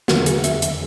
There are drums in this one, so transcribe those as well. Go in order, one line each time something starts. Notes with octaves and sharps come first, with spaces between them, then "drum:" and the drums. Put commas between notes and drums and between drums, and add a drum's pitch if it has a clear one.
E2 D3 F#3 F#4, drum: snare
G#4, drum: hi-hat
E5, drum: hi-hat
drum: hi-hat